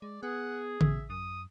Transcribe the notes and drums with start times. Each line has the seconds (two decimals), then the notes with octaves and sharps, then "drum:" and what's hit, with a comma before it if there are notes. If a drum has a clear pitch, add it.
0.02 G#3 D5
0.23 B3 G#4 F#5
0.81 A1 B2 E5, drum: tom C#3
1.10 F#2 D#6